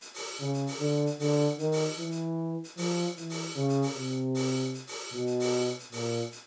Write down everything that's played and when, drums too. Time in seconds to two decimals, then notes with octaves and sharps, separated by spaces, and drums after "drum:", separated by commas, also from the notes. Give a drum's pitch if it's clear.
0.01 drum: hi-hat
0.14 drum: open hi-hat
0.41 C#3
0.54 drum: hi-hat
0.67 drum: open hi-hat
0.80 D3
1.06 drum: hi-hat
1.20 D3, drum: open hi-hat
1.59 D#3, drum: hi-hat
1.72 drum: open hi-hat
1.98 E3
2.11 drum: hi-hat
2.64 drum: hi-hat
2.77 F3, drum: open hi-hat
3.17 E3, drum: hi-hat
3.30 drum: open hi-hat
3.56 C#3
3.69 drum: hi-hat
3.82 drum: open hi-hat
3.95 C3
4.35 drum: open hi-hat
4.74 drum: hi-hat
4.87 drum: open hi-hat
5.14 B2
5.27 drum: hi-hat
5.40 drum: open hi-hat
5.79 drum: hi-hat
5.92 A#2, drum: open hi-hat
6.32 drum: hi-hat